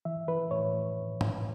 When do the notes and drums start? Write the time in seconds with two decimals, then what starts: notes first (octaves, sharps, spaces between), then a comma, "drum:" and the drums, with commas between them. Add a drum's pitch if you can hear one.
0.05 E3 E5
0.28 E3 B4
0.51 A2 C#5
0.73 A2
1.21 drum: tom